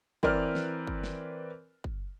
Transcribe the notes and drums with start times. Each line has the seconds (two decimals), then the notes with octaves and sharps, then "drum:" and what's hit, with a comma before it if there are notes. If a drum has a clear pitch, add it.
0.23 E3 C4 A#4 B4 D5 F6, drum: kick
0.55 drum: snare
0.87 drum: kick
1.04 drum: snare
1.84 drum: kick